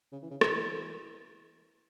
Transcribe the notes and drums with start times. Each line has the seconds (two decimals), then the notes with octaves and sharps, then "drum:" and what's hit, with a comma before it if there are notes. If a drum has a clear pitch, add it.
0.12 C#3
0.22 E3
0.31 C#3
0.41 B2, drum: rim click
0.51 E3